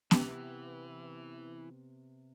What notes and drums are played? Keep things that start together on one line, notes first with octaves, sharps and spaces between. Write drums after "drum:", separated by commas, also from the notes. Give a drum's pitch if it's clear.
C3 E3 B3 G4, drum: snare B3